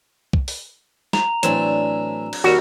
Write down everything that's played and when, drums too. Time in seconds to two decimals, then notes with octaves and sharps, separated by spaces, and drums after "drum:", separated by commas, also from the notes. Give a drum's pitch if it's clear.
0.33 drum: kick
0.48 drum: open hi-hat
1.13 A#5 F7, drum: snare
1.43 A2 E3 F#3 C4 D4 E7, drum: hi-hat
2.33 drum: cymbal
2.44 D#2 G3 D#4 F#4 A#4